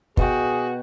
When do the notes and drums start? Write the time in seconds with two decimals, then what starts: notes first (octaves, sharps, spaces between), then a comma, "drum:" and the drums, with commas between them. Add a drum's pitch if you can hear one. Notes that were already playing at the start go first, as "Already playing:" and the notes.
0.17 B2 F#4 G#4 F#5 G5, drum: kick